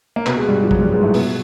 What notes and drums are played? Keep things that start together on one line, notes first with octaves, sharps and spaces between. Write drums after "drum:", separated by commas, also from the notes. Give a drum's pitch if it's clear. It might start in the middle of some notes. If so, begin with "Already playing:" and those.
A#3
B2 B3, drum: clap
G#3
G2 G3
F3
F#3, drum: kick A1
G2 G3
G#2 G#3
A2 A3
B2 B3, drum: open hi-hat